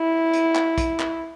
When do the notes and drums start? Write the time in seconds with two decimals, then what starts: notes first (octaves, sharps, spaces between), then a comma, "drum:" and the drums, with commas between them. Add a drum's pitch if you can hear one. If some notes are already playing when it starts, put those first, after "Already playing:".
Already playing: E4
0.33 drum: hi-hat
0.56 drum: clap
0.78 drum: kick, hi-hat
1.00 drum: clap